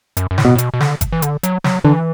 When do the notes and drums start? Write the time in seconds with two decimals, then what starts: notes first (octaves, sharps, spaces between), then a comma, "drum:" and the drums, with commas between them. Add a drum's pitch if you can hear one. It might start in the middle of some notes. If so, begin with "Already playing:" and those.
0.17 F#2, drum: hi-hat
0.31 F#2
0.38 A2, drum: snare
0.45 B2
0.55 A2
0.58 B2, drum: hi-hat
0.74 B2
0.80 D3, drum: snare
1.01 drum: kick G1, hi-hat
1.12 E3
1.22 D3, drum: hi-hat
1.43 F#3, drum: hi-hat
1.64 F#3, drum: snare
1.84 D3 E3